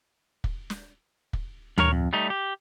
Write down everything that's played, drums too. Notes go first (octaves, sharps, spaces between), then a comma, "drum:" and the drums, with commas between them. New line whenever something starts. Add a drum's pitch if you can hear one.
drum: kick
drum: snare
drum: kick
G2 A#4 C#5, drum: tom D2
F2
G3 A3 D#4
G4